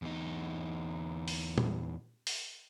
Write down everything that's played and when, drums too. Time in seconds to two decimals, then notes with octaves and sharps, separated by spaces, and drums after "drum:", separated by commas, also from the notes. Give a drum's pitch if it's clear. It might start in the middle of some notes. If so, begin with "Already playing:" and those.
0.02 E2 D#4
1.28 drum: open hi-hat
1.58 drum: tom A#2
2.27 drum: open hi-hat